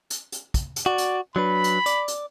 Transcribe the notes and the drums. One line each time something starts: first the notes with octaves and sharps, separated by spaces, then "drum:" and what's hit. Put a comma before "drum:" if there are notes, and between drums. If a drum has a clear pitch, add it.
drum: hi-hat
drum: hi-hat
drum: kick, hi-hat
drum: hi-hat
F#4 D5
drum: hi-hat
F#3 D4 B4 B5
drum: hi-hat
D5, drum: hi-hat
drum: hi-hat